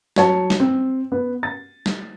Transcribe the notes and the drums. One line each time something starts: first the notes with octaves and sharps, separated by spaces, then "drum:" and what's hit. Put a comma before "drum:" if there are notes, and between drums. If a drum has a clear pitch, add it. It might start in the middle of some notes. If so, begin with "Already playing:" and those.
F#3 C#5 A5, drum: snare
drum: snare
C4
B3
A6
drum: snare